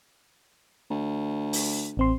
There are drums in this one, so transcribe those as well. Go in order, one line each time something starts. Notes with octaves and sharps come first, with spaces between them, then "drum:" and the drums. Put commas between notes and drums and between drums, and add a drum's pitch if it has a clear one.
D2
drum: open hi-hat
A1 C4 C6